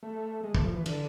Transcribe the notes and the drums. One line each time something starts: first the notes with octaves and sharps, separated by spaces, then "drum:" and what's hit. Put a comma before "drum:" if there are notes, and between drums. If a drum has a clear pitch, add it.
A3
G#3
A3, drum: kick
F3
E3
D3, drum: cymbal